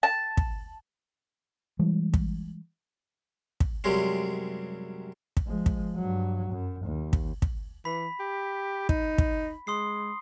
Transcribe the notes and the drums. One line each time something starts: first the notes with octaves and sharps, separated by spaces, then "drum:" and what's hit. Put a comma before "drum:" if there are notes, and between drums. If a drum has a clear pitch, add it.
A5
drum: kick
E3 G3 G#3
drum: kick
drum: kick
F#2 C3 G3 G#3 C4 C#4
drum: kick
F3 G#3
drum: kick
G2 F#3
F#2
D#2
drum: kick
drum: kick
E3 B5 B6
G4
D#4, drum: kick
drum: kick
G#3 C6 D#6 C7